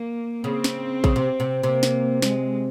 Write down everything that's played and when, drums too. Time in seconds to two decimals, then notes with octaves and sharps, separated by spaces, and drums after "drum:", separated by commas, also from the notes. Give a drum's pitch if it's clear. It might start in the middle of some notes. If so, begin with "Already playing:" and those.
Already playing: A#3
0.44 C#3 C4
0.64 drum: snare
1.04 C#3, drum: kick A1
1.16 C3
1.40 C3
1.63 C3 A#3
1.83 drum: snare
2.22 G#3, drum: snare